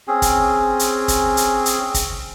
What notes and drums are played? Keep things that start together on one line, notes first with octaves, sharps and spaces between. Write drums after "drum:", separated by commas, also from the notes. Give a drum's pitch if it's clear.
C4 C#4 G#4
drum: kick, hi-hat
drum: hi-hat
drum: kick, hi-hat
drum: hi-hat
drum: hi-hat
drum: kick, hi-hat